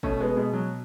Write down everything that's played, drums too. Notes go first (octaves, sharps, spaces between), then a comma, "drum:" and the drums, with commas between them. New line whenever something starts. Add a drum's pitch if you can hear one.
B2 A3 C#4, drum: kick
G#3 B3
B2 G#3
F#3